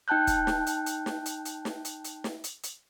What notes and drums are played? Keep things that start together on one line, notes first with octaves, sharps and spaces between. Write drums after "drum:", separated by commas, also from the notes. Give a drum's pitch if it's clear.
D#4 G5 A5 F#6 G6
drum: kick, hi-hat
drum: snare
drum: hi-hat
drum: hi-hat
drum: snare
drum: hi-hat
drum: hi-hat
drum: snare
drum: hi-hat
drum: hi-hat
drum: snare
drum: hi-hat
drum: hi-hat